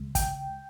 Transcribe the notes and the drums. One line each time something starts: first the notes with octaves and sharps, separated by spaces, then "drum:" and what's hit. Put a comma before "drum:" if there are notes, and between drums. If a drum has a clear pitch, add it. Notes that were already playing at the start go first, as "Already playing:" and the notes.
Already playing: C#2 C#3 G#3
G5, drum: kick, hi-hat